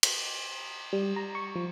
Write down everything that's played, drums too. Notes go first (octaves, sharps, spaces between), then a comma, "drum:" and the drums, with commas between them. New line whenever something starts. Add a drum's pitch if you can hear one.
drum: cymbal
G3
A#5
C#6
F3